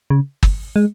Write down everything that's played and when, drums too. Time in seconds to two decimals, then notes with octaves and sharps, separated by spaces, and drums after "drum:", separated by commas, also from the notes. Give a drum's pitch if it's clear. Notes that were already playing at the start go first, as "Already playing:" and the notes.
0.10 C#3
0.43 drum: kick G1
0.76 G#3